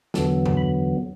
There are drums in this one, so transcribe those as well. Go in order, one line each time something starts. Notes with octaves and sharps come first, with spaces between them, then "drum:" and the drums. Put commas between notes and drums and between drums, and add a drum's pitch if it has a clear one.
E2 D3 F#3 B3 A4, drum: snare
drum: tom F#2
B5